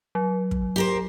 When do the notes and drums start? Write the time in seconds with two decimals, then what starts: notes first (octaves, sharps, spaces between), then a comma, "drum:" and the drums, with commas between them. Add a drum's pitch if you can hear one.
0.15 F#3
0.51 drum: kick
0.76 G4 A#4 C5